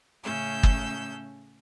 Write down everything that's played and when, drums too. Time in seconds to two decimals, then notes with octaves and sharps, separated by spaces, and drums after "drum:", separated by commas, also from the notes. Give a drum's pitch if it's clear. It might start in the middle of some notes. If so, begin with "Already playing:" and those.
0.24 A2 C#3 A3 C#4 E6 G6
0.63 drum: kick